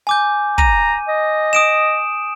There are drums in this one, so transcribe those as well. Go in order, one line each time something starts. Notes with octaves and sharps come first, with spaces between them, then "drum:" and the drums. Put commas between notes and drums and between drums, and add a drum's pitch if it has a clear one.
G#5 D6 G6
A#5 D#7, drum: kick
D#5
D#6 D7 E7